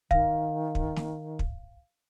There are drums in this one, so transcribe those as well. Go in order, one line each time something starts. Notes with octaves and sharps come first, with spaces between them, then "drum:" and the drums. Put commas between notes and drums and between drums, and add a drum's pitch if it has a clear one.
D#3 F5, drum: kick
drum: kick
drum: snare
drum: kick